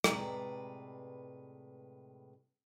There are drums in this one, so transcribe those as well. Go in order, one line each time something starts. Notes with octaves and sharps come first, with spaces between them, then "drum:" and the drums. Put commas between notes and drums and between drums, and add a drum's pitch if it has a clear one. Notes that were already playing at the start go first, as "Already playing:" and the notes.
A2 C3 G#3 B4 D5 A#5, drum: rim click